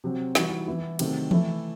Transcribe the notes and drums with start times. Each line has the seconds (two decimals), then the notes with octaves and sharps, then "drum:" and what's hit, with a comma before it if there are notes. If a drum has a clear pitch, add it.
0.04 C3 F#3 C4
0.35 E3 G3 D#4 F#4, drum: snare
0.67 E3 B3 E4
0.99 C3 D#3 F#3 A3, drum: cymbal
1.31 E3 A3 E4, drum: tom E3